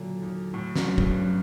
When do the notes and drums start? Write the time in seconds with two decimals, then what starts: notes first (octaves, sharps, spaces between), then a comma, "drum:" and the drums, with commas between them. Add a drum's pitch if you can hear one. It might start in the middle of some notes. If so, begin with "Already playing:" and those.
Already playing: A#2 D3 F#3
0.22 D#2
0.54 D#2 A2
0.76 F#2, drum: snare
0.87 F#3
0.98 G2, drum: kick
1.20 F#3